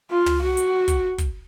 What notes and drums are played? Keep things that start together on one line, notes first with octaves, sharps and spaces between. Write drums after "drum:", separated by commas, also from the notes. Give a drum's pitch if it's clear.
F4
drum: tom
F#4
drum: hi-hat
drum: kick, hi-hat
drum: kick, hi-hat